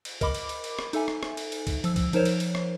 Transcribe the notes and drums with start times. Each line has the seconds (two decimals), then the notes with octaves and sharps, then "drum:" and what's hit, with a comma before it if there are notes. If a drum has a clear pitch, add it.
0.05 drum: cymbal
0.21 A#4 D#5 B5 D6, drum: kick C#2, cymbal
0.35 drum: cymbal
0.49 drum: cymbal
0.64 drum: cymbal
0.79 drum: rim click
0.93 D#4 A4 E5 G#5, drum: cymbal
1.08 drum: rim click
1.23 drum: rim click
1.37 drum: cymbal
1.52 drum: cymbal
1.67 drum: kick C#2, cymbal
1.84 F3 E6, drum: cymbal
1.96 drum: kick C#2, cymbal
2.13 F3 D#4 A#4 C5 C#5, drum: cymbal
2.25 drum: cymbal
2.40 drum: cymbal
2.55 drum: rim click